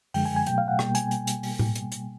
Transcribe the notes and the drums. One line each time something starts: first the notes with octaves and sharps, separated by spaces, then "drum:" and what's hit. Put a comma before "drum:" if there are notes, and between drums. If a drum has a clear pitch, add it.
F#2 D3 F3 G#3 G5, drum: open hi-hat
G#5
G#5
B2 F#3 A3 G5, drum: hi-hat
F5
F#5
B2 G3 A#3 G5, drum: rim click
G#5, drum: hi-hat
drum: hi-hat
drum: hi-hat
drum: open hi-hat
drum: tom A2
drum: hi-hat
drum: hi-hat